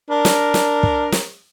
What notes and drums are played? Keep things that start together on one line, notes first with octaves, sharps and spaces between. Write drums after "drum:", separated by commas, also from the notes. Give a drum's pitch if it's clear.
D4 A#4
drum: snare
drum: snare
drum: kick
drum: snare